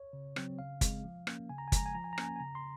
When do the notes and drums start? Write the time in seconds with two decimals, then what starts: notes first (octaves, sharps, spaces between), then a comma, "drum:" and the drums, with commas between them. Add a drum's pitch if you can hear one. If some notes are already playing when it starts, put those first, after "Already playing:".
Already playing: C#5
0.13 C#3
0.36 F#3 C4, drum: rim click
0.58 C#3 F5
0.81 G#3 C4, drum: kick, hi-hat
1.04 F3
1.27 A#3 C#4, drum: rim click
1.49 C#3 G#5
1.58 A#5
1.68 G#5
1.72 F3 G#3 A#5, drum: kick, hi-hat
1.86 G#5
1.95 F3 A#5
2.04 G#5
2.13 A#5
2.18 A#3 C#4 G#5, drum: rim click
2.36 G#5
2.40 C#3 A#5
2.55 C6